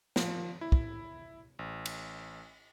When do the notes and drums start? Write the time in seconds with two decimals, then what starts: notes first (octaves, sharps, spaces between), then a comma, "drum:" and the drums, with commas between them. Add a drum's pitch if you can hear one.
0.16 F3, drum: snare
0.61 E4
0.72 drum: kick
1.59 A1
1.85 drum: cymbal